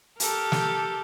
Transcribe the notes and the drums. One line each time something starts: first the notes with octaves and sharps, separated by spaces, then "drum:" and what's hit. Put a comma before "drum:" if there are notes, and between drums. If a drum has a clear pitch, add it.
G4 A4 A#4, drum: hi-hat
drum: snare